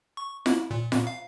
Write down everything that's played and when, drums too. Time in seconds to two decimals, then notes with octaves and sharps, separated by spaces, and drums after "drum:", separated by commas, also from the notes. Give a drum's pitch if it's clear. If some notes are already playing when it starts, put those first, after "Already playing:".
0.17 C#6
0.46 E4, drum: snare F4
0.71 A#2
0.92 A#2, drum: snare F4
1.07 F5